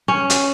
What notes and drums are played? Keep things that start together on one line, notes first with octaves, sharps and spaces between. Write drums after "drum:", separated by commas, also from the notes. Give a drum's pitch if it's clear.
C#4
drum: hi-hat